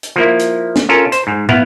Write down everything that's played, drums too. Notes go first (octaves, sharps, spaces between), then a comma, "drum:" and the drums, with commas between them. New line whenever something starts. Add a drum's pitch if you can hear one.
drum: hi-hat
F3 A#3 E4
drum: hi-hat
drum: snare
C#4 F4 A4 A#4
C5, drum: hi-hat
G#2
B3 E4 F5, drum: tom